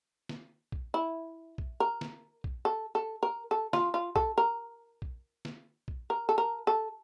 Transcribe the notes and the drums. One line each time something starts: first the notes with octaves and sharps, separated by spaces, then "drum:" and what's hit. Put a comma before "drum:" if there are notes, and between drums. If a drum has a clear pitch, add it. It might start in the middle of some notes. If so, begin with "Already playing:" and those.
drum: snare
drum: kick A#1
E4
drum: kick A#1
A#4
drum: snare
drum: kick A#1
A4
A4
A#4
A4
F4, drum: snare
F4
A4, drum: kick A#1
A#4
drum: kick A#1
drum: snare
drum: kick A#1
A#4
A4
A#4
A4